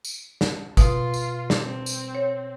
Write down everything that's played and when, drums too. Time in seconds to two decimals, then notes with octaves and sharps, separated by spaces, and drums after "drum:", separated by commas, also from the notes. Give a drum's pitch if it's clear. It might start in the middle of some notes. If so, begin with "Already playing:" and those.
0.05 drum: tambourine
0.41 drum: snare
0.77 B2 F4, drum: kick G1, tambourine
1.14 drum: tambourine
1.50 drum: snare
1.61 C4
1.86 drum: tambourine
2.15 C#5